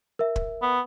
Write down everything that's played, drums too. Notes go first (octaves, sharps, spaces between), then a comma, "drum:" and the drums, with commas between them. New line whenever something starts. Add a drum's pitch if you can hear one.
A#4 E5
drum: kick
B3